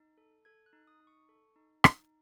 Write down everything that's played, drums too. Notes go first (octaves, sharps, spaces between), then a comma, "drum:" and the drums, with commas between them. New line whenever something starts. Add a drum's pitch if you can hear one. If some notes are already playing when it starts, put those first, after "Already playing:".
Already playing: D#4
A4
A4 G#6
F#6
D#4
D#6
D#4
C#6
A4
D#4
D#4, drum: rim click